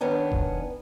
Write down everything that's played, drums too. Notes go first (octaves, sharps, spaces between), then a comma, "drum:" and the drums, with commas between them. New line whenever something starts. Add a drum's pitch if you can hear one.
D#3 B3 C#4 D4
drum: kick E1